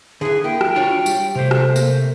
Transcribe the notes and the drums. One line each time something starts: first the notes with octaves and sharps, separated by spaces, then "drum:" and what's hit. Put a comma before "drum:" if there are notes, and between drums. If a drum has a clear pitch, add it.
D3 E3 G#4
A#3 E4 G5
drum: rim click
E3 D4 F4 F#4 C#5
G3, drum: tambourine
C3 A3 C5
drum: rim click
A#3, drum: tambourine